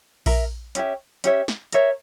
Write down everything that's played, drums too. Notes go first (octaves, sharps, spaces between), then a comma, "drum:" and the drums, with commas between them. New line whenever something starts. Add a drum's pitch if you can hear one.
A#4 E5 A#5, drum: kick A#1, open hi-hat
C#4 G4 C#5 E5, drum: hi-hat
C#4 G4 C#5 E5, drum: hi-hat
drum: snare
A#4 C#5 E5, drum: hi-hat